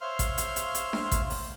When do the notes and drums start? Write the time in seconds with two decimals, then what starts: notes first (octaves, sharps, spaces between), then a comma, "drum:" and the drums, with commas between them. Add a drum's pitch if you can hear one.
0.01 C5 C#5 E5 F5 C6 F6
0.19 drum: kick A1, hi-hat
0.38 drum: hi-hat
0.56 drum: hi-hat
0.75 drum: hi-hat
0.93 drum: snare D4
1.12 drum: kick A1, hi-hat
1.30 drum: open hi-hat